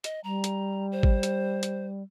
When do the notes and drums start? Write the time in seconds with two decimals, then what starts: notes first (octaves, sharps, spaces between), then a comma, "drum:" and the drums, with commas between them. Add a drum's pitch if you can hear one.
0.04 D#5, drum: hi-hat
0.24 G3 A#5
0.44 drum: hi-hat
0.92 C5
1.03 drum: kick G#1
1.23 drum: hi-hat
1.63 drum: hi-hat